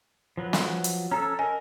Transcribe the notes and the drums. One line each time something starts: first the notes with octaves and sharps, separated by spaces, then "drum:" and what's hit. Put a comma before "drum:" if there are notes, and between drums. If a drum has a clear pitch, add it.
F3 F#3 B4
drum: snare
drum: hi-hat
C#4 A4 A#5 E6
A#4 D#5 G#5